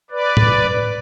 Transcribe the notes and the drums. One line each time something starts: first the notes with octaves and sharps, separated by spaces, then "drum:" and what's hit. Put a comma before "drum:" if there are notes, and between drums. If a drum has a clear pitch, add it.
B4 D5
drum: tom A2